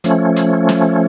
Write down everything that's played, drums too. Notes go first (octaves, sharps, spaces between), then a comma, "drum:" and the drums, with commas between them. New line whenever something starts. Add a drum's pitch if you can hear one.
F3 A3 C#4, drum: hi-hat
drum: hi-hat
drum: snare